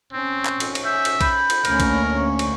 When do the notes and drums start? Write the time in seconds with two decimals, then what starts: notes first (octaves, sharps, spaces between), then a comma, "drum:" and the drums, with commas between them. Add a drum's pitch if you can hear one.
0.13 C4 C#4
0.45 drum: clap
0.60 drum: cymbal
0.75 drum: cymbal
0.85 E5 G6
1.05 drum: cymbal
1.21 B5 G6, drum: kick B1, cymbal
1.50 drum: cymbal
1.65 D2 A#3 C#4 A#4, drum: cymbal
1.80 drum: kick B1, cymbal
2.16 C#6
2.39 drum: cymbal